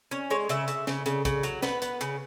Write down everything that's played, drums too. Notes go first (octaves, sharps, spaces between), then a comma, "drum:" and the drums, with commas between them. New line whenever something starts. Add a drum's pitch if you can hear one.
C#4 C#5
G#3 C#5
C#3 E5, drum: hi-hat
C#3, drum: hi-hat
C#3, drum: snare
C#3, drum: hi-hat
C#3, drum: kick, hi-hat
F#3, drum: hi-hat
B3 B4, drum: snare
B3, drum: hi-hat
C#3, drum: hi-hat